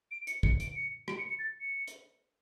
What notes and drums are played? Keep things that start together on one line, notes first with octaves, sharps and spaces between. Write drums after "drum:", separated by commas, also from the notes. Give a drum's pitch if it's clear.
D7
C#7, drum: hi-hat
C#7, drum: kick
D7, drum: hi-hat
C#7
D7, drum: rim click
C#7
C#7
A6
C#7
drum: hi-hat